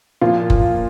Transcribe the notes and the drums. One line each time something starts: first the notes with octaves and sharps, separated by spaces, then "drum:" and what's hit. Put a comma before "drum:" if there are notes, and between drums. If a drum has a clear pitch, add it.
A#2 F3 F4
drum: kick F#1